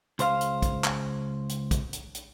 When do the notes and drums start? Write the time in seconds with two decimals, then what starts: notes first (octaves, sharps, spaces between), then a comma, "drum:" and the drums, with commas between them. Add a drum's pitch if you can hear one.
0.19 C#2 C5 F5, drum: hi-hat
0.41 drum: hi-hat
0.62 drum: kick, hi-hat
0.84 drum: clap
1.49 drum: hi-hat
1.71 drum: kick, hi-hat
1.93 drum: hi-hat
2.15 drum: hi-hat